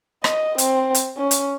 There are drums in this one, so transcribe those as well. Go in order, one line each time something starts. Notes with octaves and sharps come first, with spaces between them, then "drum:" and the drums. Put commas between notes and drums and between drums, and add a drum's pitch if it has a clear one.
D#5, drum: rim click
C4, drum: hi-hat
drum: hi-hat
C#4
drum: hi-hat